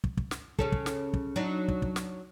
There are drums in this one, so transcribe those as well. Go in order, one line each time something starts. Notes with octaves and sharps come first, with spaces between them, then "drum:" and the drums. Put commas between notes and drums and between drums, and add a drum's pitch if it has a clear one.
drum: kick
drum: kick
drum: snare
C#3 C#4 A4, drum: kick
drum: kick
drum: snare
drum: kick
F#3 D4 D#4
drum: kick
drum: kick
drum: snare